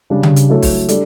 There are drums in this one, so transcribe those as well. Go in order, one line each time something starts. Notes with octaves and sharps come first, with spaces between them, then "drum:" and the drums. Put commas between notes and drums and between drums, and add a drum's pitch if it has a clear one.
C#3 G3 D4
drum: tom C#3
drum: hi-hat
F#3 A3 E4 A4 C#5
drum: kick, open hi-hat
G3 D4 A4 D5, drum: hi-hat